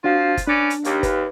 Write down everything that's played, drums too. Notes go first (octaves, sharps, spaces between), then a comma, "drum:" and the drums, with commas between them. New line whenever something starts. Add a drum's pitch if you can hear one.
F3 C4 D4 F4 F#4 F5
drum: kick, hi-hat
C#4 D4 B4 D5
drum: hi-hat
D#2, drum: hi-hat
B4, drum: kick, hi-hat